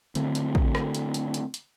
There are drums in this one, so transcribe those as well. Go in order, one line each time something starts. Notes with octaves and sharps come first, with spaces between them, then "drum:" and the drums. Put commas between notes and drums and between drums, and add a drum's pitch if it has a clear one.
D3 A3 C4, drum: hi-hat
drum: hi-hat
drum: kick
drum: rim click
drum: hi-hat
drum: hi-hat
drum: hi-hat
drum: hi-hat